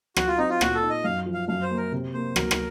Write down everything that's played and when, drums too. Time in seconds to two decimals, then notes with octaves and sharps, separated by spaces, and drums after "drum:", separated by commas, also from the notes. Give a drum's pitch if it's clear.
0.16 F#3 F#4, drum: rim click
0.27 F4
0.38 C4 D#4
0.49 F4
0.61 A#2 F#4, drum: rim click
0.75 A4
0.83 D#4
0.90 D#5
1.04 F#2 F5
1.26 F3
1.34 F5
1.48 F#2 F5
1.62 C5
1.70 A#3
1.77 A#4
1.92 C3
2.14 A#3 C5
2.36 F#3 A#4, drum: rim click
2.51 drum: rim click